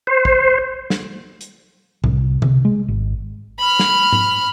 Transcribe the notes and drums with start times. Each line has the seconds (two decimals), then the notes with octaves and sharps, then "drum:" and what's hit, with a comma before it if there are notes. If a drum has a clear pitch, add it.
0.07 C5
0.25 drum: kick
0.90 drum: snare
1.41 drum: hi-hat
2.04 C2, drum: tom A2
2.42 C3, drum: tom D3
2.65 G#3
2.88 G#1
3.59 B5 F6
3.79 drum: snare
4.12 drum: tom G#2